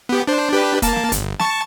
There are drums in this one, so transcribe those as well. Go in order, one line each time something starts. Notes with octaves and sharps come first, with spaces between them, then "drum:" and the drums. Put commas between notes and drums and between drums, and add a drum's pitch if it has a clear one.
B3 G4
D4 C5
D4 G4 B4
A#3 A5, drum: kick, hi-hat
drum: snare
G1, drum: hi-hat
A5 C#6, drum: snare